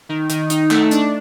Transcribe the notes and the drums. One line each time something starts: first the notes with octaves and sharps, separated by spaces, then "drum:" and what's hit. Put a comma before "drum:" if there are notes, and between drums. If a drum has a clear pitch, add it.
D#3
D#3, drum: hi-hat
D#4, drum: hi-hat
A3, drum: clap
D4, drum: hi-hat